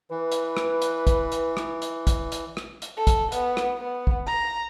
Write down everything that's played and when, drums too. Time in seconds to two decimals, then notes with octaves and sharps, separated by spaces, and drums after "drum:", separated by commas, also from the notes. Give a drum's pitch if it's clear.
0.11 E3 B4
0.32 drum: hi-hat
0.57 drum: rim click
0.82 drum: hi-hat
1.07 drum: kick, hi-hat
1.32 drum: hi-hat
1.57 drum: rim click
1.82 drum: hi-hat
2.07 drum: kick, hi-hat
2.32 drum: hi-hat
2.57 drum: rim click
2.82 drum: hi-hat
2.97 A4
3.07 drum: kick, hi-hat
3.32 B3, drum: hi-hat
3.57 drum: rim click
3.78 B3
4.07 drum: kick
4.26 A#5